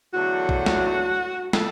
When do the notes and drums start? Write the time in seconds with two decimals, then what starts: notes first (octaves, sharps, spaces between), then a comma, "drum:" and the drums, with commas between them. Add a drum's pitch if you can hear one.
0.14 E2 D3 F#3 A3 D4 F#4
0.49 drum: kick
0.66 drum: snare
1.53 A4, drum: snare